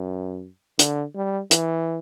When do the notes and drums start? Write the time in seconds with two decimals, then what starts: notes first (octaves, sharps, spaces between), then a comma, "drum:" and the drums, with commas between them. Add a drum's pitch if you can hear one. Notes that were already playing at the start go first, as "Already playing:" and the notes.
Already playing: F#2
0.79 D3, drum: hi-hat
1.16 G3
1.51 E3, drum: hi-hat